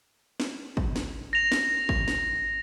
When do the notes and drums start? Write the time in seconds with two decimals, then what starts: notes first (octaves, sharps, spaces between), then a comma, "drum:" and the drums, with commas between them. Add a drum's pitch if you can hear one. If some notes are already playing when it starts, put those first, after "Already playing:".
0.40 drum: snare
0.77 drum: kick
0.96 drum: snare
1.33 A#6 F7
1.52 drum: snare
1.89 drum: kick
2.08 drum: snare